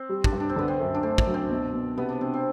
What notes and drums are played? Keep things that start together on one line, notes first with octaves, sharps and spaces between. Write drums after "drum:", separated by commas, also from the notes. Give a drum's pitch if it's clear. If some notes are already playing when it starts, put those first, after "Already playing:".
Already playing: C4
G3
D4, drum: kick
G2
D4
C4
D3 B3
C4
F#2
D4
A3 C4
D4, drum: kick
F#3
C4
B2
B2
C3 B3
D4
C3 C4
C4